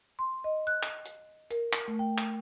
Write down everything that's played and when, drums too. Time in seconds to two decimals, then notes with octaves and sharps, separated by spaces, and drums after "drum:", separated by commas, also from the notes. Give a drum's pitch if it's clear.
0.19 C6
0.44 D#5
0.67 F#6
0.83 drum: clap
1.06 drum: hi-hat
1.51 A#4, drum: hi-hat
1.73 drum: clap
1.88 A3
1.99 G5
2.18 drum: clap